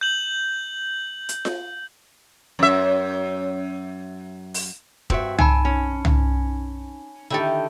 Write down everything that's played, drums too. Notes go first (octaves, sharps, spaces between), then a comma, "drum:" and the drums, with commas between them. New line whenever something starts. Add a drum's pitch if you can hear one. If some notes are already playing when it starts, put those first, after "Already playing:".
G6 F#7
drum: hi-hat
drum: snare F4
F#2 E5
drum: open hi-hat
G2 C4 F#4 E5, drum: kick F1
D#4 G#5 A5 B5, drum: tom C2
C#4
drum: tom C2
D3 D#3 E4 G4 A4